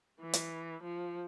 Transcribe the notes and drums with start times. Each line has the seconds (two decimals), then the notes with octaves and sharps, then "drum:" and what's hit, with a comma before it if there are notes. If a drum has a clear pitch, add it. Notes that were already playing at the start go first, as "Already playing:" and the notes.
0.22 E3
0.33 drum: hi-hat
0.83 F3